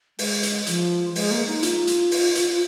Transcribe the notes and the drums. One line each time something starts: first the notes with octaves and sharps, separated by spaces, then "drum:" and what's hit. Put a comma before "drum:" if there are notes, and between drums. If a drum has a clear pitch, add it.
G#3, drum: open hi-hat
drum: hi-hat
F3, drum: hi-hat
G#3, drum: open hi-hat
A#3
D#4
F4, drum: hi-hat
drum: hi-hat
drum: open hi-hat
drum: hi-hat
F4